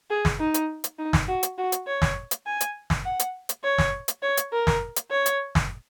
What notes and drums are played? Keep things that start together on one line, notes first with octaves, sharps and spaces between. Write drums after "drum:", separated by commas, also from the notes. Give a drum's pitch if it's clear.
G#4
drum: snare
D#4
drum: hi-hat
drum: hi-hat
D#4
drum: snare
F#4
drum: hi-hat
F#4
drum: hi-hat
C#5
drum: snare
drum: hi-hat
G#5
drum: hi-hat
drum: snare
F#5
drum: hi-hat
drum: hi-hat
C#5
drum: snare
drum: hi-hat
C#5
drum: hi-hat
A#4
drum: snare
drum: hi-hat
C#5
drum: hi-hat
drum: snare